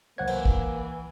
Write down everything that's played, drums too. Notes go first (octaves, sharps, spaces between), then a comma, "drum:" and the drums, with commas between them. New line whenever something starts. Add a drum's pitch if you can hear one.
C2 E3 F#3 A#3 C5 F#5 G#6
drum: cymbal
drum: kick